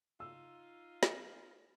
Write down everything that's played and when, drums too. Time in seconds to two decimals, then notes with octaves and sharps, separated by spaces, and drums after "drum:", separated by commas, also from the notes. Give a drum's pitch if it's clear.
0.20 D#4 F4 E6
1.03 drum: snare